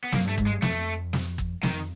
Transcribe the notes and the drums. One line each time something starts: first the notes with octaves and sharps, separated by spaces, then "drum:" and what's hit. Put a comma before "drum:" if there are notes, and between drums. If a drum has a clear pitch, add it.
B3
F#2 A#3, drum: snare
G2 A3
G#2, drum: kick G1
G#3
G2
F2 A3, drum: snare
drum: snare
drum: kick G1
F2 D#3, drum: snare